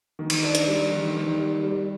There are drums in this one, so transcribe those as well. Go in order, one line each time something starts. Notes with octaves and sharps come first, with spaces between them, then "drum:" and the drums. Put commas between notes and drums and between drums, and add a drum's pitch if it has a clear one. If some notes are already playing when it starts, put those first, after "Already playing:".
D#3
drum: cymbal
D4
drum: hi-hat
G3
D#3
D#3
G3
G3